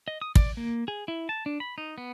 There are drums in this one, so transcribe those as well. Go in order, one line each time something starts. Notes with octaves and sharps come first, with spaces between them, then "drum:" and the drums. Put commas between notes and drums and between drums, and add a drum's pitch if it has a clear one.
D#5
D#6
D5, drum: kick
A#3
G#4
E4
A5
D4
B5
D#4
B3